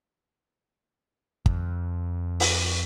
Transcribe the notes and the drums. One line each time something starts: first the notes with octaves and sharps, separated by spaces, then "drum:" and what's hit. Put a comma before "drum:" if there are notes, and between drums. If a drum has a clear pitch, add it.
F2, drum: kick
drum: open hi-hat